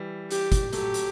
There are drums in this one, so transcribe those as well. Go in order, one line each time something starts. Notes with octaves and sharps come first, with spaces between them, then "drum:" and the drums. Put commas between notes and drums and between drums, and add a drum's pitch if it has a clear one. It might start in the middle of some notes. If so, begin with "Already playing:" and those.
Already playing: E3 G3
G4, drum: hi-hat
drum: kick, hi-hat
F#3 A3 G4, drum: hi-hat
drum: hi-hat